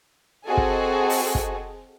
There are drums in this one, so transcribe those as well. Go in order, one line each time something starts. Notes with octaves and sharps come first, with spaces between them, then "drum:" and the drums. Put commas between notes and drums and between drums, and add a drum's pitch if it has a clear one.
C4 F#4 G#4 A4 D#5 G#5
drum: kick
drum: open hi-hat
drum: kick